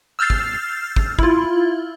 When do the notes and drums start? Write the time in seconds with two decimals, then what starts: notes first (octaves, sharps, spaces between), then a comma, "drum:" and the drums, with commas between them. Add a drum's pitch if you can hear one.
0.19 E6 F6 G6 A6 C7
0.30 drum: kick
0.96 drum: kick
1.19 E4 F4, drum: kick